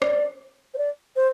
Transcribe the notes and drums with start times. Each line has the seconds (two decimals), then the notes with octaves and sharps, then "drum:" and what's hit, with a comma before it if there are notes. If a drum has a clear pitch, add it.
0.02 D5, drum: rim click
0.74 C5
0.78 D5
1.16 C5